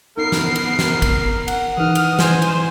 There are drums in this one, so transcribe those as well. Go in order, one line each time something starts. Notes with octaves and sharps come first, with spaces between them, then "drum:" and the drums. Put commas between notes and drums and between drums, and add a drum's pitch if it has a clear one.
B3 D#4 A#4 C7
drum: snare
drum: cymbal
drum: snare
drum: kick, cymbal
F#5, drum: cymbal
E3 D#4 D#6 F6
drum: cymbal
C5 G#5, drum: snare
drum: cymbal